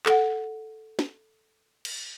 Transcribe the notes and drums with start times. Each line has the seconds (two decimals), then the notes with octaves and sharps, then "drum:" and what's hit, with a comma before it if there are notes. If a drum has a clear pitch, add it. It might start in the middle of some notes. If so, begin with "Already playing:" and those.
0.06 A4 F#5, drum: clap
0.99 drum: snare
1.85 drum: cymbal